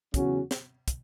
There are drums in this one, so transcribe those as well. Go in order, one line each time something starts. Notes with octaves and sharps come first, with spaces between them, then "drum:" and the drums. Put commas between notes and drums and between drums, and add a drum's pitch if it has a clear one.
E2 C#3 F#3 C#4 F#4, drum: kick, hi-hat
drum: snare
drum: kick, hi-hat